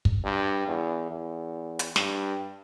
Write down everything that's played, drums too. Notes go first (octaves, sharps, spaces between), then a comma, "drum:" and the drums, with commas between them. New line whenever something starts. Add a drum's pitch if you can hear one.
drum: kick
G2
E2
E2
drum: hi-hat
G2, drum: snare